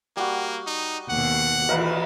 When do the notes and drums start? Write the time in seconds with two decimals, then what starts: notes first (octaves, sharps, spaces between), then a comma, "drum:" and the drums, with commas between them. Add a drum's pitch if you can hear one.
0.17 G3 A#3 F#4
0.67 D#4
1.09 D#2 B2 F#5
1.69 E3 A#4 B4, drum: cymbal